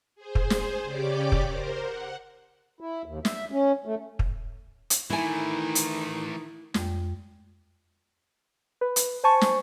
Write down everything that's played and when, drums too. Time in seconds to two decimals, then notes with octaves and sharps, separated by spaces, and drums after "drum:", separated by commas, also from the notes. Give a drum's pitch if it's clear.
0.15 G#4 C5
0.35 drum: kick
0.50 drum: snare
0.83 C#3 C#4 G4 D5 D6
1.32 drum: kick
1.47 A#4 C5
1.81 F#5
2.81 E4
3.06 D#2
3.25 E5, drum: snare
3.52 C#4
3.86 A3
4.19 drum: kick
4.90 drum: hi-hat
5.10 D#3 E3 A3 E4 G#5
5.75 drum: hi-hat
6.74 F2 G#3 G5, drum: snare
8.81 B4
8.96 drum: hi-hat
9.24 C5 G#5 A5 C#6
9.41 drum: snare